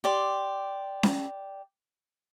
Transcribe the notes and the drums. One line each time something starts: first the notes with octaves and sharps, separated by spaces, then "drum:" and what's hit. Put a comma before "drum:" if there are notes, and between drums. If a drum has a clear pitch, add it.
G4 D5 C6
drum: snare C#4